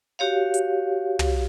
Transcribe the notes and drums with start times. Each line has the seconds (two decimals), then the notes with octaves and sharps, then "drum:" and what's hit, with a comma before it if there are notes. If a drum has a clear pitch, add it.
0.19 F#4 G4 C#5 F5
0.54 drum: hi-hat
1.19 drum: tom